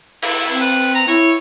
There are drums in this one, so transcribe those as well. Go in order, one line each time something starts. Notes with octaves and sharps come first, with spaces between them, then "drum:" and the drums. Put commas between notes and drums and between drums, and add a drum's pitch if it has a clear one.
E4, drum: cymbal
C4 E4
B4
A#5
E4 C#5